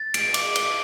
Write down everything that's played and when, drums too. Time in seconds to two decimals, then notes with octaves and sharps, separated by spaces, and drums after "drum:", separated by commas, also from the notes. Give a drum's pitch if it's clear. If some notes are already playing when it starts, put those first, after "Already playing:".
Already playing: A6
0.14 D7, drum: cymbal
0.34 D6, drum: cymbal
0.55 G7, drum: cymbal